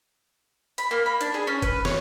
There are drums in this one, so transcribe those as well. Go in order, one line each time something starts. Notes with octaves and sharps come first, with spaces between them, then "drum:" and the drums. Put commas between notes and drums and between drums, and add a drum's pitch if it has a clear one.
B5, drum: hi-hat
A#3
B5
D4, drum: hi-hat
G#4
C#4
B4, drum: kick F1, hi-hat
C#5, drum: snare